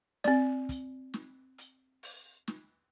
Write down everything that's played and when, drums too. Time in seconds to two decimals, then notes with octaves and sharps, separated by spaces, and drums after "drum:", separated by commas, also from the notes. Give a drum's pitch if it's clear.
0.24 C4 D5, drum: snare
0.69 drum: kick, hi-hat
1.14 drum: snare
1.58 drum: hi-hat
2.03 drum: open hi-hat
2.48 drum: snare